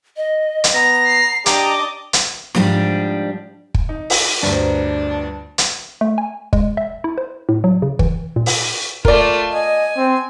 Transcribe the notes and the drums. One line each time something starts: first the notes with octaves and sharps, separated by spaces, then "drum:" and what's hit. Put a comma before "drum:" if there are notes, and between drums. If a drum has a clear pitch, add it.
D#5
drum: hi-hat
B3 A#5 A#6
C7
D4 G4 D#5 A#5 D6, drum: hi-hat
drum: hi-hat
G#2 F3 G3 D4, drum: snare
drum: kick
D#4
drum: open hi-hat
D2 G2 F3 D4 B4 A#5
drum: hi-hat
A3
G#5
G#3, drum: kick
E5
E4
C5
A2
F#3
C#3
E3, drum: kick
A#2
drum: open hi-hat
A3 F4 A#4 D5, drum: kick
D#5 G#5
C4